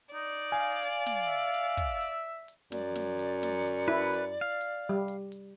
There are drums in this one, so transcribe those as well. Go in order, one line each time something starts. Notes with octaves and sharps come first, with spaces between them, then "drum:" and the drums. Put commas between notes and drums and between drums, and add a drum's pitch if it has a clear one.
D#4 D5
F5 G#5
drum: hi-hat
drum: snare
E5
drum: hi-hat
drum: kick, hi-hat
drum: hi-hat
drum: hi-hat
F#2 D5, drum: snare
drum: snare
drum: hi-hat
drum: snare
drum: hi-hat
E4 B4
drum: hi-hat
F5
drum: hi-hat
G3
drum: hi-hat
drum: hi-hat